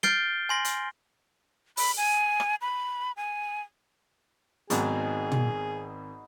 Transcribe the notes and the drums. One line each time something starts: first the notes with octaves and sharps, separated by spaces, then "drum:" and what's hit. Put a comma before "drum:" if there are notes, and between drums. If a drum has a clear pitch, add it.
F6 G6 A6 C7 D7 G7, drum: snare
G#5 C6 A#6
drum: hi-hat
B5, drum: open hi-hat
G#5
drum: rim click
B5
G#5
G#1 G#2 B2 F#3 B3 C4 D#4 G#4, drum: hi-hat
drum: tom